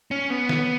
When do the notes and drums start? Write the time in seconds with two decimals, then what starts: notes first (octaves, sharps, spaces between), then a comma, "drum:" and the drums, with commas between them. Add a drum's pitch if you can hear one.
0.11 C#4
0.30 B3
0.49 drum: snare